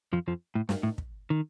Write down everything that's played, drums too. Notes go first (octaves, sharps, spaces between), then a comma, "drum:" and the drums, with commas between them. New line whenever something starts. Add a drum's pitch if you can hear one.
F2 F3
F2 F3
A2
G2, drum: snare
A2
drum: kick
D#3